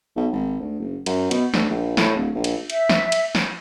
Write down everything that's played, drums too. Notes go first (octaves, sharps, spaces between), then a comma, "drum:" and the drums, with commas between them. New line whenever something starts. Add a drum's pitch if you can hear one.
B1
G#1
D2
F#1
F#2, drum: cymbal
B2, drum: cymbal
D2, drum: snare
A#1
A2, drum: snare
D1
A#1
drum: cymbal
E5, drum: cymbal
drum: snare
drum: cymbal
drum: snare